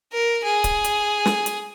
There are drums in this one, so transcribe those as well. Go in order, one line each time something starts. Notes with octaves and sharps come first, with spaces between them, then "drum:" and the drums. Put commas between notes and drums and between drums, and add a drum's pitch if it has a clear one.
A#4
G#4
drum: kick C#1, hi-hat
drum: hi-hat
drum: snare
drum: hi-hat